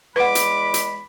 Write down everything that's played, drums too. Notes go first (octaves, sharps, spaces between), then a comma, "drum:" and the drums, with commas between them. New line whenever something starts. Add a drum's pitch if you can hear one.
E2 G#3 B4 F#5 B5 D6
drum: hi-hat
drum: hi-hat